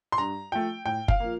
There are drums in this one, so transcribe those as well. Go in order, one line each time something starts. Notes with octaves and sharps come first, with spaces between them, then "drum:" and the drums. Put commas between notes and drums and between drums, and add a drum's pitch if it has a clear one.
C6
G2 A#5
F3 A3 G5
A2 G5
F5, drum: kick F#1
F3 A#3